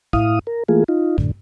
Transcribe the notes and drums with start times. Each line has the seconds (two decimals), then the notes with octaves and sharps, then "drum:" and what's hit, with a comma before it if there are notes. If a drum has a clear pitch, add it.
0.13 A2 E4 F5 D#6, drum: kick
0.47 A#4
0.68 E3 A3 A#3 F4 G#4
0.88 D#4 F4
1.18 F#2 A2 D3, drum: kick